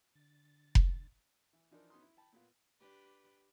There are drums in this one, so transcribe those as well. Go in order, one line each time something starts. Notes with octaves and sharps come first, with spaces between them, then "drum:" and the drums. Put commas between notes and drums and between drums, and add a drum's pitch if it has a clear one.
D3 A6
drum: kick F1
E3
E3 F3 D4 D#4 A#4
B3 C#4 D#4 F#4 C6 D#6
E4
G5 A5 B5
A#2 B3 F4
D4 G4 B4